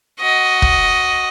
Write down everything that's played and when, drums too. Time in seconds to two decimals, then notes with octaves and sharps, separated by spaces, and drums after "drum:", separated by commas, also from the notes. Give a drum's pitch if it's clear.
0.20 F#4 D#5
0.62 drum: kick